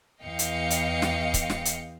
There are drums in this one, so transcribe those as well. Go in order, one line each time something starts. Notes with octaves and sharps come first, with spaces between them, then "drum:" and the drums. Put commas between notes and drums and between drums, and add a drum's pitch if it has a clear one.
E2 D#5 F5 G5 C#7
drum: hi-hat
drum: hi-hat
drum: snare
drum: kick C#1, hi-hat
drum: snare
drum: hi-hat